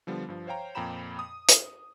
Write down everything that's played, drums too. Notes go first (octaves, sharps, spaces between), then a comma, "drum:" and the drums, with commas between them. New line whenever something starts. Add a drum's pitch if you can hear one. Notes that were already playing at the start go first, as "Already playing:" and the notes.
D3 F3 G3 B3
G2 F3
C5 C#5 F5 G5 A#5
F2 A#2 G5 A#5 B5 E7
D#6
drum: hi-hat